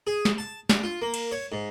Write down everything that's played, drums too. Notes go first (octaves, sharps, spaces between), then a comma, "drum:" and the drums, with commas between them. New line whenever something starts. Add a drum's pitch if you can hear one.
G#4
drum: snare
A5
D4, drum: snare
F4
A#3
drum: cymbal
C#5
G#2